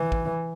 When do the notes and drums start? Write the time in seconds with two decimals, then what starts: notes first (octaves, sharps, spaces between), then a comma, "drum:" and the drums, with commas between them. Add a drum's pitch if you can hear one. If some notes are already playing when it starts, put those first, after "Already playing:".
Already playing: E3
0.12 drum: kick